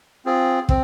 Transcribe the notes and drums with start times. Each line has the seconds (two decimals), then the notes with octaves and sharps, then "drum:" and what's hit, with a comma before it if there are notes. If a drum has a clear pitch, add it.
0.25 C4 F4 G#4
0.69 C4, drum: kick